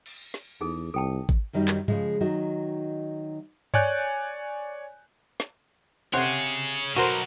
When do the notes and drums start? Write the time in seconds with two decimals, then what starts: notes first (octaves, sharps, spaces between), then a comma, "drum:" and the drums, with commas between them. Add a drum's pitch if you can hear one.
0.06 drum: cymbal
0.34 drum: snare
0.61 E2 D#4 G#4 A4
0.94 C2 A4 G5 A5
1.29 drum: kick G#1
1.53 F#2 D#3 F#3 G3 D#4
1.68 drum: clap
1.88 C#3 F3 G#3, drum: tom G2
2.20 D#3 F#3 D#4 F#4
3.74 C#5 D5 G#5 F#6 G6, drum: tom G2
5.40 drum: snare
6.14 C3 G#4 C5 C#5 F#5
6.46 drum: hi-hat
6.96 B2 F#3 F#4 A#4 C5